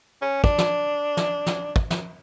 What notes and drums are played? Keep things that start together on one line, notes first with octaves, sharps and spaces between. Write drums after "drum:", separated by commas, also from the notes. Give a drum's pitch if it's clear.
C#4
D4, drum: kick
drum: snare
drum: snare
drum: snare
drum: kick
drum: snare